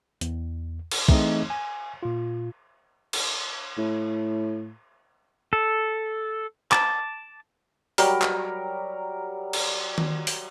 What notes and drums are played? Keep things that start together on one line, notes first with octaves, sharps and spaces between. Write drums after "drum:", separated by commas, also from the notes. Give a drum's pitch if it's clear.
E2, drum: hi-hat
drum: cymbal
E3 A3 C4 D#4 G#4 D#5, drum: kick
G#5
A#2 F4
drum: cymbal
A2
A4
A5 D6, drum: clap
F#3 G3 A#4, drum: open hi-hat
drum: clap
drum: cymbal
drum: tom D#3
drum: open hi-hat